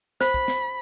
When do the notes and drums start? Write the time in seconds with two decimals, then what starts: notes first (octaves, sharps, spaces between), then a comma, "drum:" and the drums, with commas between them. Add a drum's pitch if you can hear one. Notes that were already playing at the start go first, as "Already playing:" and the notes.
0.21 C5 B5, drum: snare
0.34 drum: kick
0.48 drum: snare